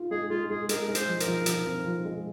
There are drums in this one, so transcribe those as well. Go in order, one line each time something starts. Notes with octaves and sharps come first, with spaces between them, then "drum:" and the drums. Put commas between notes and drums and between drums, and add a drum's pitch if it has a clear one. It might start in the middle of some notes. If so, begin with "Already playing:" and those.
Already playing: F4
G#3 G#4
G#3 F4
G#3 G#4
G#3 A#4, drum: hi-hat
G#3
C5, drum: hi-hat
F3
A#4, drum: hi-hat
F3
F3, drum: hi-hat
C4
F3
G#3